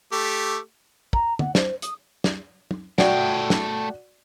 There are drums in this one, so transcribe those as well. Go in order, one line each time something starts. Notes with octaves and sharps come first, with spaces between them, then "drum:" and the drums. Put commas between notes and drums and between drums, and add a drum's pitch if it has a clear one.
A3 G4
A#5, drum: kick
F#5, drum: tom
C5, drum: snare
D#6, drum: hi-hat
drum: snare
drum: tom
A3 F#4 D5 G5, drum: snare
drum: snare